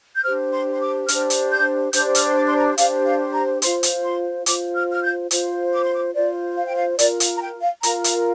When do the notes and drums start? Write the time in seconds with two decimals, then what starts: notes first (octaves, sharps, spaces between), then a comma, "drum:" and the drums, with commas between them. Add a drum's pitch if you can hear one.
0.15 G6
0.24 D4 G4 C5 F6
0.53 C6
0.72 C6
0.81 D6
1.08 D4 G4 C5 F6, drum: hi-hat
1.30 drum: hi-hat
1.51 G6
1.93 D4 G4 C5 G6, drum: hi-hat
2.15 F6, drum: hi-hat
2.27 C6
2.35 D6
2.47 C6
2.56 A#5
2.78 D4 G4 C5 F5, drum: hi-hat
3.05 F5
3.34 A#5
3.62 F4 C5 C6, drum: hi-hat
3.83 drum: hi-hat
4.04 C6
4.46 F4 C5 D6, drum: hi-hat
4.74 F6
4.91 F6
5.02 G6
5.31 F4 C5, drum: hi-hat
5.72 D6
5.83 C6
5.94 D6
6.14 F4 C5 D5
6.56 F5
6.66 G5
6.76 F5
6.99 F4 A#4 D5, drum: hi-hat
7.20 F5, drum: hi-hat
7.37 A#5
7.41 G5
7.62 F5
7.83 F4 A#4 A#5, drum: hi-hat
8.04 F5, drum: hi-hat